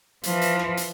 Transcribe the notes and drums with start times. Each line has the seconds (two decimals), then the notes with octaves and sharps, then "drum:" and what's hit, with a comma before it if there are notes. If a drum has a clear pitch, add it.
0.23 E3 F3, drum: hi-hat
0.41 drum: hi-hat
0.59 drum: rim click
0.77 drum: hi-hat